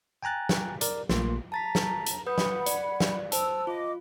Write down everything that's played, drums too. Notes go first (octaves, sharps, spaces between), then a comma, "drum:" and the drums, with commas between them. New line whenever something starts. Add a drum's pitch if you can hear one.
G5 G#5 A#5 F#6 A6
drum: snare
A#4 D5, drum: hi-hat
A#1 A3 A#3 F4 C6, drum: snare
A5 A#5 A6 B6
drum: snare
drum: hi-hat
B4 F#5 B5 D#6 G6
drum: snare
D5, drum: hi-hat
drum: snare
C5 A5 E6, drum: hi-hat
F4 D#5 D6